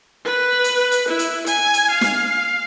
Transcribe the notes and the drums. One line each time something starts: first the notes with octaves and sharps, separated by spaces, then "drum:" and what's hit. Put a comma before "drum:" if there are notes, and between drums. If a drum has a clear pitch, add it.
B4
drum: hi-hat
drum: hi-hat
E4
drum: hi-hat
G#5, drum: hi-hat
drum: hi-hat
F5
drum: snare